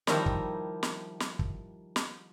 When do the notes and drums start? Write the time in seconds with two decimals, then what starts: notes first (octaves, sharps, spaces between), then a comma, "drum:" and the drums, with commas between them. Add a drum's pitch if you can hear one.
0.07 D#3 F3 G3 E4 A#4, drum: snare
0.26 drum: kick
0.83 drum: snare
1.20 drum: snare
1.39 drum: kick
1.96 drum: snare